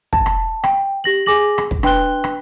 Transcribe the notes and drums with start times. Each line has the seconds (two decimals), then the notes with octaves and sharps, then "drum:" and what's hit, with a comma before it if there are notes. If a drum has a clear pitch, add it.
0.13 A5, drum: kick
0.26 drum: rim click
0.64 G5, drum: rim click
1.04 G4 A#6 F#7
1.26 G#4 G#5 D6 A#6 F#7
1.58 drum: rim click
1.71 drum: kick
1.83 D4 B4 G5 C6 F#6 G7, drum: rim click
2.24 drum: rim click